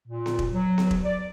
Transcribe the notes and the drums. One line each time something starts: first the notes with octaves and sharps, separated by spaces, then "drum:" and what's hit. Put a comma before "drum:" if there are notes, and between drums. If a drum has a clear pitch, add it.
A#2
drum: snare B3
drum: kick E1
F#3
drum: snare B3
drum: kick E1
D5